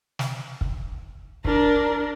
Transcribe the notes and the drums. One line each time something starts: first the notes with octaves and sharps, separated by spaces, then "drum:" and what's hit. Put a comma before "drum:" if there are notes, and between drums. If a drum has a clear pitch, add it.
drum: snare
drum: kick
D4 A#4, drum: kick